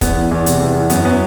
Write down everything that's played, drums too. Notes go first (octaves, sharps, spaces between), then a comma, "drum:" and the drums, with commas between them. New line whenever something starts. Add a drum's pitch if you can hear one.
E2 B3, drum: kick, hi-hat
E3
E2
C3, drum: hi-hat
E2
E3
F#2 B3, drum: hi-hat
F#3 B3